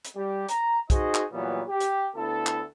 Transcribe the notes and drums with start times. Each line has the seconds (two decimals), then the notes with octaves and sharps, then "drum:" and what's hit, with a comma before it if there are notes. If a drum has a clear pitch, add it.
0.05 drum: hi-hat
0.16 G3 G4
0.49 A#5, drum: hi-hat
0.90 D#4 F#4 G#4 C5 D#5, drum: kick, hi-hat
1.14 drum: clap
1.31 A#2 E3 F#3 G3 B3
1.68 G4
1.80 drum: hi-hat
2.16 D2 B3 E4 A4
2.46 drum: clap